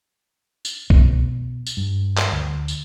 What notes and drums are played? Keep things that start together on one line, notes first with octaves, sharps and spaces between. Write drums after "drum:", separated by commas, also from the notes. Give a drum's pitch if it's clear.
drum: tambourine
B2, drum: kick B1
drum: tambourine
G2
drum: clap
D2
drum: tambourine